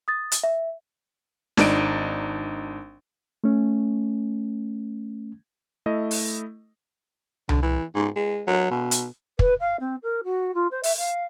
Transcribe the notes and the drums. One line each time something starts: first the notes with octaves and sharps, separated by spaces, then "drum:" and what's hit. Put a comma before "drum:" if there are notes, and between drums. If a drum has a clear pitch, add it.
D#6 A6
drum: hi-hat
E5
G#1 D4 D#4 D7, drum: snare
A3 C#4
A3 E4 D#5
drum: open hi-hat
D3, drum: tom C2
E3
G#2
G#3
F#3
B2
drum: hi-hat
B4, drum: kick
F5
C4
A#4
F#4
F4
C5
E5, drum: open hi-hat
F5